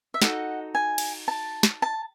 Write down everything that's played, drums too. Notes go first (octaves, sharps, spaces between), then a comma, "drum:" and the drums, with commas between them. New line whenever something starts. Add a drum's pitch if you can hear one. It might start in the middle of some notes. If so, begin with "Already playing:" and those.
E5
D#4 F#4 A4 D#5 F#5, drum: snare
G#5
drum: cymbal
A5
drum: snare
A5